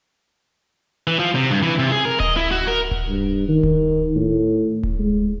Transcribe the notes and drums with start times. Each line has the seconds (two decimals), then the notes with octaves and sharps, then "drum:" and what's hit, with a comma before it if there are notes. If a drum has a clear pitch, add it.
1.07 E3
1.19 F3
1.35 C3
1.51 G2
1.62 E3
1.79 C3
1.92 G#4
2.05 A#4
2.20 D#5, drum: kick D1
2.36 E4
2.51 F#4
2.67 A#4
2.91 drum: kick D1
3.08 G2
3.48 D#3
3.63 drum: kick D1
4.15 A2
4.83 drum: kick D1
4.99 G#3